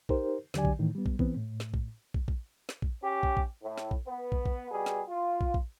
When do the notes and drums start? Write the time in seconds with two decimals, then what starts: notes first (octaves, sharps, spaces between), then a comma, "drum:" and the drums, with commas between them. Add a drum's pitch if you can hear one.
0.09 D#4 G4 A#4 C5, drum: kick
0.54 D#2 D3 F#3 G4 D5 G#5, drum: snare
0.65 drum: kick
0.79 A2 D#3 E3
0.95 G3 B3
1.06 drum: kick
1.19 E3 B3 C4, drum: kick
1.36 A2
1.60 drum: snare
1.74 drum: kick
2.14 drum: kick
2.28 drum: kick
2.69 drum: snare
2.82 drum: kick
3.03 C#4 G4
3.23 drum: kick
3.37 drum: kick
3.63 A2
3.78 drum: snare
3.91 drum: kick
4.08 B3
4.32 drum: kick
4.46 drum: kick
4.71 B2 G3 G#4
4.86 drum: snare
5.08 F4
5.41 drum: kick
5.54 drum: kick